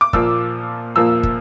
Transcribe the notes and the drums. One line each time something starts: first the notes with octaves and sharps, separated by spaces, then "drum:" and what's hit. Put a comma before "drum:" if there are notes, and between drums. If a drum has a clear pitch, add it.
D6
A#2 F3 A#3 E6, drum: kick
A#2 F3 A#3 E6
drum: kick